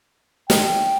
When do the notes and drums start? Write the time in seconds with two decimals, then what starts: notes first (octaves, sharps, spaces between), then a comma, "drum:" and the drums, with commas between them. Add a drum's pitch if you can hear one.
0.50 G5, drum: snare